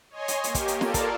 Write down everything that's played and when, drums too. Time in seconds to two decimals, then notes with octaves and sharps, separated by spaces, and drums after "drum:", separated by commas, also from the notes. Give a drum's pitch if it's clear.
0.10 C#5 D#5 G#5 C6
0.28 drum: hi-hat
0.44 A#3 G4, drum: hi-hat
0.55 drum: kick, hi-hat
0.68 drum: hi-hat
0.81 F4 A4 A#4 D5 F5 A5, drum: snare
0.94 drum: kick, hi-hat